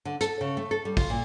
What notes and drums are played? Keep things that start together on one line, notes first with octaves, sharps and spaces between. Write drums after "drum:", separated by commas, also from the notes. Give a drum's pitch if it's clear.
D3
A4, drum: hi-hat
C#3
A3
A4
G3
F4, drum: kick, open hi-hat
A#2